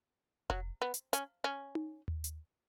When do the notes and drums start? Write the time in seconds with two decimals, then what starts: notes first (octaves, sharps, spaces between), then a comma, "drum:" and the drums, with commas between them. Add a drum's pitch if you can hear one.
0.50 F#3, drum: kick F1
0.82 B3
0.94 drum: hi-hat
1.13 C#4, drum: hi-hat
1.44 C#4
1.75 drum: tom D#4
2.08 drum: tom D#2
2.24 drum: hi-hat